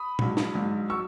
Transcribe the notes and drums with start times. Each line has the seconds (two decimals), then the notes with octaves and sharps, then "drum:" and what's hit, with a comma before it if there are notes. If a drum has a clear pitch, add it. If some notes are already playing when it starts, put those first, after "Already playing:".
Already playing: B5 D#6
0.19 A#1 G#2 F#3, drum: tom
0.37 drum: snare
0.54 A#1 G#2 F#3
0.90 F#3 C#6 E6